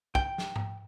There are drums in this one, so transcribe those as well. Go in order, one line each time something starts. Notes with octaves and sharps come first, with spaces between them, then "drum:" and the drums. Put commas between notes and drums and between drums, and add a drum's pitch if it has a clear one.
G5, drum: kick
drum: snare
drum: tom G#2